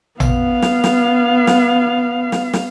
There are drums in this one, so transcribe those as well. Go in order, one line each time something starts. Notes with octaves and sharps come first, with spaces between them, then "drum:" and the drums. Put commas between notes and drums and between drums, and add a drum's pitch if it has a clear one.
B3 F5, drum: tom A1
drum: snare
drum: snare
drum: snare
drum: snare
drum: snare